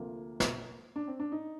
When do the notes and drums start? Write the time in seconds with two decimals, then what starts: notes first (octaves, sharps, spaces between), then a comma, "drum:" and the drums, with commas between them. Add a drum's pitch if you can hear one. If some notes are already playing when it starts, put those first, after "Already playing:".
Already playing: D2 C3 F3 A#3
0.40 drum: snare
0.96 D4
1.08 C4
1.20 D4
1.32 D#4